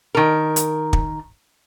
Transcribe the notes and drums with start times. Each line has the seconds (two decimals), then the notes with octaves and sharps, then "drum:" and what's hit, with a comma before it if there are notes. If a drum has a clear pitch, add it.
0.15 D#3 A#4
0.56 drum: hi-hat
0.93 drum: kick